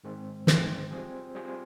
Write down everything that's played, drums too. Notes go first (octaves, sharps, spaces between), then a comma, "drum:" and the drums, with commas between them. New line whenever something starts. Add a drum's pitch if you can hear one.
G#2 D#3 G#3 C4
G#2 D#3 G#3 C4, drum: snare
G3 C4 F4 G#4
G3 C4 F4 G#4